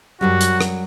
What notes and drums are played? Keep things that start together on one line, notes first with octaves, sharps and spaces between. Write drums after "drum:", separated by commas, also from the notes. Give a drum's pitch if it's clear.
F#2 F#3 G3 F#4
drum: hi-hat
drum: rim click